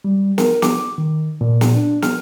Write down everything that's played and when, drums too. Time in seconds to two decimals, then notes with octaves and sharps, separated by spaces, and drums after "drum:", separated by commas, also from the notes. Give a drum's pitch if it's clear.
0.04 G3
0.38 A#4, drum: snare
0.62 D6, drum: snare
0.98 D#3
1.41 A#2
1.61 drum: snare
1.75 D4
2.02 F6, drum: snare